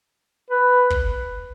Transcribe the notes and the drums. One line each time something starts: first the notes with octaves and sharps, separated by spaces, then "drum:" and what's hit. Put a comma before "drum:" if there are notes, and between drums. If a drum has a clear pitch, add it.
B4
drum: kick